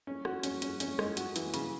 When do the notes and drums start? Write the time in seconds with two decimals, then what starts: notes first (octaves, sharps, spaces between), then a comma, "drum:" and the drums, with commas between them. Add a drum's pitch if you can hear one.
0.07 C#4
0.25 F#4, drum: rim click
0.43 C#4, drum: hi-hat
0.62 C#4, drum: hi-hat
0.80 C#4, drum: hi-hat
0.99 G#3, drum: rim click
1.17 F#4, drum: hi-hat
1.36 E3, drum: hi-hat
1.54 C#3, drum: hi-hat